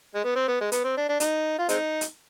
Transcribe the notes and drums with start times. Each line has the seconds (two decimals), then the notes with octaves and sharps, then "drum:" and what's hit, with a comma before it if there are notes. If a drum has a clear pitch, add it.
0.15 G#3
0.24 B3
0.36 C4
0.48 B3
0.61 G#3
0.72 B3, drum: hi-hat
0.84 C4
0.97 D4
1.09 D4
1.20 D#4, drum: hi-hat
1.59 F4
1.69 G#3 C4 D#4, drum: hi-hat
2.01 drum: hi-hat